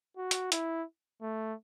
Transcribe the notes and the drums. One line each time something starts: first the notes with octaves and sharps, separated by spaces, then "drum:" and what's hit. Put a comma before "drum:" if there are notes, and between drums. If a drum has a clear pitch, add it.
F#4
drum: hi-hat
E4, drum: hi-hat
A3